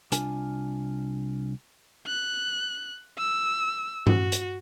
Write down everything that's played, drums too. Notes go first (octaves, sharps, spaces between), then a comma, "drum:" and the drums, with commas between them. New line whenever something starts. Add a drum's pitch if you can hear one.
C2 D4 F4 G#5, drum: hi-hat
F#6
E6
F#4, drum: tom G2
drum: hi-hat